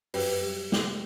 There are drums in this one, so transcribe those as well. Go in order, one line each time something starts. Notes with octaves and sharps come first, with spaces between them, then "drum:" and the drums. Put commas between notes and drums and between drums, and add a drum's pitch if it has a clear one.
F#2 G4 B4, drum: open hi-hat
G3
drum: snare